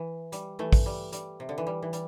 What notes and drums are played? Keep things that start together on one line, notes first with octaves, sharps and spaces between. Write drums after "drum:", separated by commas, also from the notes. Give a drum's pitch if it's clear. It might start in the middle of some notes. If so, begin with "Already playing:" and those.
Already playing: E3
G3, drum: hi-hat
E3 A3
drum: kick, open hi-hat
G3
G3, drum: hi-hat
C3
D3
E3
G3
E3
G3, drum: hi-hat